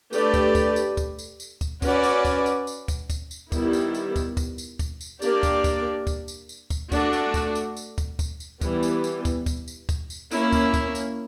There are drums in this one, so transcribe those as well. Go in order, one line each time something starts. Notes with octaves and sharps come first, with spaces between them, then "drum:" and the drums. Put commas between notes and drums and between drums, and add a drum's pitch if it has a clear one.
A3 D4 G4 B4 D5, drum: tambourine
drum: kick, tambourine
drum: kick, tambourine
drum: tambourine
drum: kick, tambourine
drum: tambourine
drum: tambourine
drum: kick, tambourine
C#4 F#4 B4 D5, drum: kick, tambourine
drum: tambourine
drum: kick, tambourine
drum: tambourine
drum: tambourine
drum: kick, tambourine
drum: kick, tambourine
drum: tambourine
D#3 G3 B3 E4, drum: kick, tambourine
drum: tambourine
drum: tambourine
drum: kick, tambourine
drum: kick, tambourine
drum: tambourine
drum: kick, tambourine
drum: tambourine
A#3 D4 G4 A#4 D5, drum: tambourine
drum: kick, tambourine
drum: kick, tambourine
drum: kick, tambourine
drum: tambourine
drum: tambourine
drum: kick, tambourine
A3 D4 F#4, drum: kick, tambourine
drum: tambourine
drum: kick, tambourine
drum: tambourine
drum: tambourine
drum: kick, tambourine
drum: kick, tambourine
drum: tambourine
E3 G3 B3, drum: kick, tambourine
drum: tambourine
drum: tambourine
drum: kick, tambourine
drum: kick, tambourine
drum: tambourine
drum: kick, tambourine
drum: tambourine
A#3 C#4 E4, drum: tambourine
drum: kick, tambourine
drum: kick, tambourine
drum: tambourine